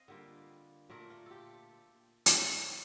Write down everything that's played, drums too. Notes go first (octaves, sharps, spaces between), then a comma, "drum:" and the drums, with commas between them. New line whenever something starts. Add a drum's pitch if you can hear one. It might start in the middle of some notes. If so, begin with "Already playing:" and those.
Already playing: C4 D#5 F5
D3 G3 A#3 F4
A#2 A3 D4 A#4
F4
G4 A4
drum: hi-hat